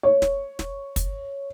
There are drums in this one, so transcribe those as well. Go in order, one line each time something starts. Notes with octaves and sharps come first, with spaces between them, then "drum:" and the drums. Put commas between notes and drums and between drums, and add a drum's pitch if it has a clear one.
C#5
drum: snare
drum: snare
drum: kick, hi-hat